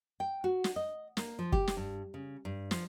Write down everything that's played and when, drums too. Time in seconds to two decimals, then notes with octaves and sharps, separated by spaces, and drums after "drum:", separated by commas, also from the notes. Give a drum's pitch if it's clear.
0.20 G5
0.44 F#4
0.64 drum: snare
0.76 D#5
1.17 A#3, drum: snare
1.39 F3
1.52 G4, drum: kick
1.67 drum: snare
1.77 G2
2.14 C#3
2.45 G2
2.71 F3, drum: snare